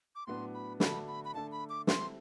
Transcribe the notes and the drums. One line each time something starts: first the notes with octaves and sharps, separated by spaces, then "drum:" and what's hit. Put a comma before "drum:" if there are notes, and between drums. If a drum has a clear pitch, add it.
D6
A2 F#3 B3 D4 F#4 C6
B5
D3 A3 D4 F#4 A4 B5, drum: snare
B5
B5
D3 A3 D4 A4 A5
B5
D6
G3 C4 E4 A4 C6, drum: snare